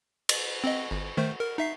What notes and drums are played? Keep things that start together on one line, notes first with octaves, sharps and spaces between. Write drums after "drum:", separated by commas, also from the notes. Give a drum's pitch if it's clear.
drum: cymbal
C4 D#5
G1
D#3 A3 C5
A#4
D#4 E5 C7